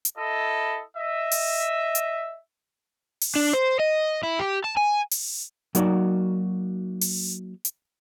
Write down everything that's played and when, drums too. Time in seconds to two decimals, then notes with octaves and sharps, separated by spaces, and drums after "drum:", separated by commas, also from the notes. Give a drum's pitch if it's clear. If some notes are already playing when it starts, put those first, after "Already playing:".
0.05 drum: hi-hat
0.18 E4 A4 D#5
0.98 D#5 E5
1.31 drum: open hi-hat
1.95 drum: hi-hat
3.21 drum: open hi-hat
3.35 D4
3.53 C5
3.79 D#5
4.23 E4
4.39 G4
4.64 A5
4.77 G#5
5.11 drum: open hi-hat
5.75 F#3 A#3 D#4 F#4 D5, drum: hi-hat
7.01 drum: open hi-hat
7.65 drum: hi-hat